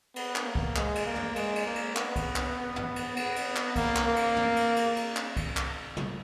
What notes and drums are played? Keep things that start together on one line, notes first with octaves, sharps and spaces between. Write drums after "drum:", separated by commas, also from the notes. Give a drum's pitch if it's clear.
B3, drum: cymbal
drum: clap
A#3
drum: kick C2
G#3, drum: clap
drum: cymbal
A#3
drum: tom
G#3, drum: cymbal
drum: cymbal
A#3
drum: cymbal
B3, drum: clap
drum: kick C2, cymbal
drum: clap
drum: tom
drum: cymbal
B3, drum: cymbal
drum: cymbal
drum: clap
A#3, drum: kick C2, cymbal
drum: clap
A#3
drum: cymbal
drum: tom
drum: cymbal
drum: cymbal
drum: cymbal
drum: clap
drum: kick C2, cymbal
drum: clap
drum: tom